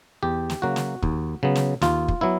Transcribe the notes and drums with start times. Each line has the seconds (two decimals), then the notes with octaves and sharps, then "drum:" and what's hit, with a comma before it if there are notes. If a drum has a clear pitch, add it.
0.23 E2 G4
0.50 drum: snare
0.62 C#3 F#3 A#3 F#4
0.76 drum: snare
1.03 D#2, drum: kick
1.43 C#3 F#3 B3
1.55 drum: snare
1.82 D#2 F4, drum: snare
2.08 drum: kick
2.21 F#3 B3 E4